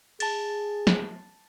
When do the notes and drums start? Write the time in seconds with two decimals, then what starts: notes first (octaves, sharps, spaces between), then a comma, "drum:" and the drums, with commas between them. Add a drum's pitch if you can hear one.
0.20 G#4 A5 A6, drum: cymbal
0.87 drum: snare